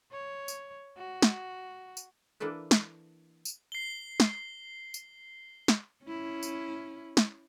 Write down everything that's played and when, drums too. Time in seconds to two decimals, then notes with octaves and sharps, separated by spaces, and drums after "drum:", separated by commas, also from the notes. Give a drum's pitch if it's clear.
0.12 C#5
0.48 drum: tambourine
0.97 F#4
1.22 drum: snare
1.97 drum: tambourine
2.40 E3 A#3 D4 A4 B4
2.71 drum: snare
3.45 drum: tambourine
3.72 C7 G7
4.20 drum: snare
4.94 drum: tambourine
5.68 drum: snare
6.05 C#4 E4
6.43 drum: tambourine
7.17 drum: snare